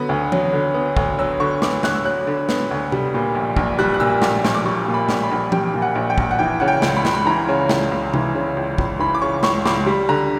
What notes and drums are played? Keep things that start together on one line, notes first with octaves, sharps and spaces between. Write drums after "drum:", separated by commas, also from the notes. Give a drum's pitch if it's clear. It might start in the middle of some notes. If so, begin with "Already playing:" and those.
Already playing: D3 F#3 B3
D2
F#3, drum: tom E3
D3
B3
D2, drum: kick
F#3 E6
D3 C#6
B3 D6, drum: snare
D2 F#6, drum: snare
E6
F#3 F#6
D3
B3, drum: snare
D2
G3, drum: tom C3
A#2
A#1
A#1, drum: kick
G3 F#6
F#6
A#2 E6
A#1 D6, drum: snare
A#1, drum: snare
D6
G3 C#6
A#2
B5
A#1, drum: snare
B5
A#1
G3 G5, drum: tom E3
A#2
F#5
A#1
G5
A#1, drum: kick
F#5
E3 G5
C#3 F#5
G5
C#2, drum: snare
B5
C#2, drum: snare
B5
E3 A#5
C#3
C#2, drum: snare
C#2
E3, drum: tom C3
C#3
C#2
C#2, drum: kick
E3 B5
D6
C#3 C#6
C#2 C#6, drum: snare
C#2 D6, drum: snare
G3
D3 A#5